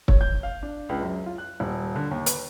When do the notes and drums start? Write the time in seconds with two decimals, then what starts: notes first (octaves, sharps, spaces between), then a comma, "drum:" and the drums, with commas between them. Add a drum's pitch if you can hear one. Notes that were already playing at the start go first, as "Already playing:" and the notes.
0.08 C#5, drum: kick
0.21 G6
0.43 F5
0.63 D4
0.89 C#2
1.01 F#2
1.26 F4
1.38 F#6
1.60 D#1
1.96 D3
2.11 D#2
2.26 B4, drum: hi-hat